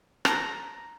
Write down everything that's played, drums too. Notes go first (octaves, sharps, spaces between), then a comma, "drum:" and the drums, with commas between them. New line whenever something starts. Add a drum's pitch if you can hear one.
A#5, drum: rim click